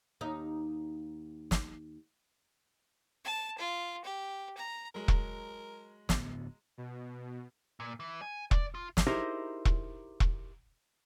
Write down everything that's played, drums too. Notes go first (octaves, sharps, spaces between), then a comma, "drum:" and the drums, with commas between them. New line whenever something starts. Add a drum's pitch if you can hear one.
D#2 D#4
drum: snare
A5
F4
G4
A#5
F#3 G#3 A#4
drum: kick E1
D1 D2 B3, drum: snare
B2
A#2
E3
G#5
D5, drum: kick E1
F4
drum: snare
D#4 E4 G4 G#4 A#4 C5
drum: kick E1
drum: kick E1